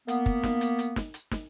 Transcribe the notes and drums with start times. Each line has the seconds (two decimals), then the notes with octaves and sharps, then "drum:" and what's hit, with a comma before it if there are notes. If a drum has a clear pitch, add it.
0.08 A#3 B3, drum: hi-hat
0.26 drum: kick
0.43 drum: snare
0.61 drum: hi-hat
0.79 drum: hi-hat
0.96 drum: snare
1.14 drum: hi-hat
1.31 drum: snare